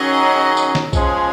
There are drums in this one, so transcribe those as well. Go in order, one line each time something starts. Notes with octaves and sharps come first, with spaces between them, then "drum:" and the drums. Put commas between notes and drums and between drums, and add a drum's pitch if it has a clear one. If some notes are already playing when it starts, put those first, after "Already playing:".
Already playing: D#3 F#3 C#4 G#4 D#5
drum: tambourine
drum: snare
F3 G#3 C#4 G#4 C#5, drum: kick B1, tambourine